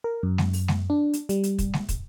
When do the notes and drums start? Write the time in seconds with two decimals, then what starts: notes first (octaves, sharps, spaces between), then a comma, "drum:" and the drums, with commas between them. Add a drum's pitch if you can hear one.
0.04 A#4
0.23 F#2
0.38 drum: snare G#3
0.53 drum: open hi-hat
0.68 drum: snare G#3
0.90 D4
1.13 drum: hi-hat
1.29 G3, drum: hi-hat
1.43 drum: hi-hat
1.59 drum: kick, hi-hat
1.74 drum: snare G#3
1.89 drum: kick, hi-hat